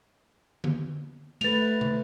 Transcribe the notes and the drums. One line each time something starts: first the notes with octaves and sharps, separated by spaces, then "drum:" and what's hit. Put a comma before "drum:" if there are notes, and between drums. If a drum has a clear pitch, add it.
drum: tom D3
A3 B4 A6 F7, drum: cymbal
drum: tom